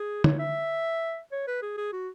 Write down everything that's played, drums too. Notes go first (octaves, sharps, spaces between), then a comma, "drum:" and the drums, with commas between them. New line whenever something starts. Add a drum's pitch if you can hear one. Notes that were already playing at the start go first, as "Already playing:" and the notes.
Already playing: G#4
C#5, drum: tom D3
E5
C#5
B4
G#4
G#4
F#4